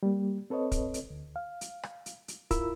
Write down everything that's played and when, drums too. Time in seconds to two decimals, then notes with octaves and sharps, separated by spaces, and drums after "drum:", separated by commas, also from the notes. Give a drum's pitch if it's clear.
0.03 G3 A#3
0.50 C4 A4 B4 C#5 D#5
0.72 drum: kick, hi-hat
0.94 drum: hi-hat
1.10 D2
1.36 F5
1.61 drum: hi-hat
1.83 drum: rim click
2.06 drum: hi-hat
2.28 drum: hi-hat
2.51 E4 F4 A#4 B5 E6, drum: kick, hi-hat